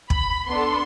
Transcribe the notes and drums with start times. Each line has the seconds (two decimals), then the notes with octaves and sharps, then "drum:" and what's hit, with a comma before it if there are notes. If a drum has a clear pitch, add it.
0.10 B5, drum: kick
0.48 B3 D4 A4 C6